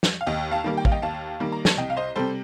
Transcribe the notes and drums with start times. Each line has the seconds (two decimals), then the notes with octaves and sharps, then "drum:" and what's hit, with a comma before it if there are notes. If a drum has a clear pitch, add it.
0.03 drum: snare
0.21 F5
0.26 D#2 D#5 G5
0.51 F5 A5
0.64 D#3 G3 A#3
0.77 G5
0.85 F5, drum: kick
0.92 D#5 G5
1.02 D#2 F5 A5
1.40 D#3 G3 A#3
1.52 A#5
1.65 A5, drum: snare
1.77 C2 D#5 G5
1.90 F5
1.97 C5 D#5
2.16 C3 G3 A4 C5